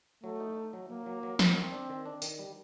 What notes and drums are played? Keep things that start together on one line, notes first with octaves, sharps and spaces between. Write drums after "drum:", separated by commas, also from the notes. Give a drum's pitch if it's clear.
F#3 A3
D#4
D#4
F#3
F#3 A#3
F#3
F#3
F#3, drum: snare
D#3 C4
D4
D#3
D4
D#3, drum: tambourine
G3